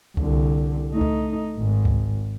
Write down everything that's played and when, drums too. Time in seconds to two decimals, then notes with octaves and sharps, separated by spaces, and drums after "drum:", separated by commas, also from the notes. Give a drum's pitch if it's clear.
0.17 C2 D3, drum: kick C#2
0.92 A3 D#4
1.01 drum: kick C#2
1.57 G#1 G#2
1.85 drum: kick C#2